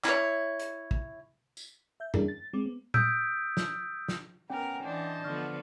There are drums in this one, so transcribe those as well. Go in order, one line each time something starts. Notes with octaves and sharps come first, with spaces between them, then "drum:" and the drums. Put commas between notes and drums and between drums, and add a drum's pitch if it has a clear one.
E4 C#5, drum: clap
drum: hi-hat
drum: kick
drum: tambourine
E5 G6
G3 C#4 D4 E4 G#4 A#4, drum: tom F#2
A6
G#3 C4 D6
B3
D#6 E6 G6 B6 D7, drum: tom A#2
drum: snare
drum: snare
B3 C#4 A#4 F#5 G5
E3 D4 C5 D#5 A5
D3 F3 B3 C#6 F6